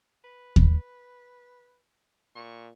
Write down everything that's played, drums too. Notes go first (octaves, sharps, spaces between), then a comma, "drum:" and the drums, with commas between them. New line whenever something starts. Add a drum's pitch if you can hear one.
B4
drum: kick D#2
A#2 C#6